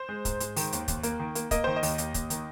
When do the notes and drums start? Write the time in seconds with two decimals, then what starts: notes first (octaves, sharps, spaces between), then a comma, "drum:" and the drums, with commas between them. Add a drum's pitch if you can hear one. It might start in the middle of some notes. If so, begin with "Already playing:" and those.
Already playing: C5
0.09 G#3
0.25 G#2, drum: kick, hi-hat
0.40 G#3, drum: hi-hat
0.56 D#3, drum: open hi-hat
0.72 D#2, drum: hi-hat
0.88 D#2, drum: kick, hi-hat
1.03 A#3, drum: hi-hat
1.20 D#3
1.35 A#3, drum: hi-hat
1.51 A#3 D#5, drum: kick, hi-hat
1.64 D#3 C5
1.76 D#5
1.83 D#2, drum: open hi-hat
1.98 D#2, drum: hi-hat
2.14 D#2, drum: kick, hi-hat
2.30 D#3, drum: hi-hat